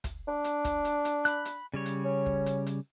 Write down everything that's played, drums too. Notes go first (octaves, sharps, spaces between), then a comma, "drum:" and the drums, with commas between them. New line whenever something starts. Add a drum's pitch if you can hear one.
drum: kick, hi-hat
D4
drum: hi-hat
drum: kick, hi-hat
drum: hi-hat
drum: hi-hat
B5 F#6, drum: hi-hat
drum: hi-hat
C#3 G3 C#5
drum: hi-hat
C#4
drum: kick
drum: hi-hat
drum: hi-hat